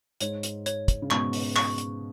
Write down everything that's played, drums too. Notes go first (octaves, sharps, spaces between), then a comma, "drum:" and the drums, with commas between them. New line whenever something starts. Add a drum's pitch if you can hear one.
G#2 C#5, drum: hi-hat
drum: hi-hat
C#5, drum: hi-hat
drum: kick, hi-hat
C#3
G#2 B2 C#6, drum: clap
drum: open hi-hat
C#6, drum: clap
drum: hi-hat